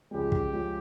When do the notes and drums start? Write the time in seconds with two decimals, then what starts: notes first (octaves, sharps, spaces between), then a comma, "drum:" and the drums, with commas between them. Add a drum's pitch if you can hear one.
0.11 C#2 C#3 F3 G#3 G4
0.32 drum: kick
0.53 C#2 C#3 F3 G#3